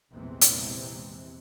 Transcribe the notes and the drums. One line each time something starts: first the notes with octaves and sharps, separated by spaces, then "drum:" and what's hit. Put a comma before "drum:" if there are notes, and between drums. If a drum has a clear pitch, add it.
A#1 E2 C3 E3 G#3 C4
drum: hi-hat